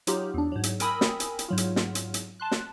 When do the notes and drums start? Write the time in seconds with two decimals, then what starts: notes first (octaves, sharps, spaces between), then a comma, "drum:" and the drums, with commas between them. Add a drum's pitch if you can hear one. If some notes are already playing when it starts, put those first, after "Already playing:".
0.07 F#3 D#4 F4 G4, drum: hi-hat
0.34 E2 D4
0.52 G#2 F#3
0.63 drum: hi-hat
0.80 A#4 G5 G#5 B5 D#6 E6, drum: hi-hat
1.01 drum: snare
1.20 drum: hi-hat
1.39 drum: hi-hat
1.48 G#2 F#3 F4
1.57 drum: hi-hat
1.76 drum: snare
1.95 drum: hi-hat
2.14 drum: hi-hat
2.40 A5 C6 F#6
2.51 drum: snare